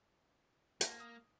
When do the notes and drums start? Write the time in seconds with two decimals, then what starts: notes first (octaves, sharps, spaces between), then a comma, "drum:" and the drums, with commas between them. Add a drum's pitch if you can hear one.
0.81 A#3 F#5 A5, drum: hi-hat
1.00 D#6